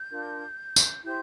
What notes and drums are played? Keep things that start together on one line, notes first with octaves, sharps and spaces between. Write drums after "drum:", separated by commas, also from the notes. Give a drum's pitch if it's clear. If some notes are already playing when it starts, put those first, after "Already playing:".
Already playing: G6
D4 F4 A#4
drum: tambourine
E4 G4 C5 G6